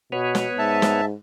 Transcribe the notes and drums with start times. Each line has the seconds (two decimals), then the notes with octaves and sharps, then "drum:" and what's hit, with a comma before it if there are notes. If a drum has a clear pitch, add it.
0.12 B2 B3 B4 C#5
0.35 drum: snare
0.58 G#2 E5 A5
0.82 drum: snare